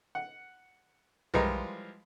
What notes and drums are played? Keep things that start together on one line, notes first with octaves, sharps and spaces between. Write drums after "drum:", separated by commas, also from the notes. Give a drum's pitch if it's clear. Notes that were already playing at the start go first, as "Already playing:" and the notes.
F#5
E3 F3 G3 G#3 F4 A#4, drum: tom B1